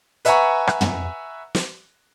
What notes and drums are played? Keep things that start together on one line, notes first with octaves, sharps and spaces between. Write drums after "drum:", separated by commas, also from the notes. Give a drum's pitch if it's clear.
B4 E5 F#5 G#5 A#5 C#6, drum: hi-hat
drum: rim click
drum: tom
drum: snare